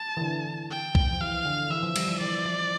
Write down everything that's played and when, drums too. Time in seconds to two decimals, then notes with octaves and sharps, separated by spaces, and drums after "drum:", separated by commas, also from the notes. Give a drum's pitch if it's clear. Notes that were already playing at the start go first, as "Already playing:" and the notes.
Already playing: A5
0.17 E3
0.21 D3
0.71 G5
0.95 drum: kick C2
1.13 F3
1.20 E3 F5
1.45 D3
1.70 E3 E5
1.83 F3
1.96 G3, drum: cymbal
2.08 F3
2.20 E3 D5
2.45 F3